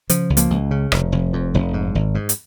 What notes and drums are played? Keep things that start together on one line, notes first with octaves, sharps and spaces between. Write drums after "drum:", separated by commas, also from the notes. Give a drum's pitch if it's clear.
C#3 F3, drum: hi-hat
C#2
F3 A#3, drum: hi-hat
C#2
C#3
F1, drum: rim click
F1
F2
F1
G#2
G#1
G#2
drum: hi-hat